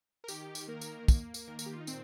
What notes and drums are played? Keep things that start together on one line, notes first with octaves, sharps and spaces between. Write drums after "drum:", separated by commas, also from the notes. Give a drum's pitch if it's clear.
A#4
D#3 G4, drum: tambourine
drum: tambourine
A#3 A#4
drum: tambourine
A#3, drum: kick, tambourine
drum: tambourine
D#3 A#4
A#4, drum: tambourine
G4
F4
D#4
A#2 C4, drum: tambourine